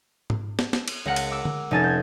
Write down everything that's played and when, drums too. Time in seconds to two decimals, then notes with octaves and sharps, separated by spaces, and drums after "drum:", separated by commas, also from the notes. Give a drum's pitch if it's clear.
0.30 drum: tom G#2
0.59 drum: snare
0.73 drum: snare
0.88 drum: cymbal
1.05 C#2 A#4 F#5 F6
1.16 drum: cymbal
1.31 D6 E6
1.45 drum: tom D3
1.71 F1 C#4 D#4 G#5 A5 A6
1.84 G6 G#6